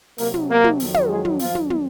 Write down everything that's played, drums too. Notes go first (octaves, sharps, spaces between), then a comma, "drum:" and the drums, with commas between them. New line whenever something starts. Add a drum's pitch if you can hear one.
C3 F#3 A#3 A#4, drum: open hi-hat
drum: tom
A#3 A#4
drum: tom
F2 D#3 F#3, drum: open hi-hat
drum: tom
G#3 G#4
drum: tom
F2 D#3 F3 F#3 F4, drum: open hi-hat
drum: tom
drum: tom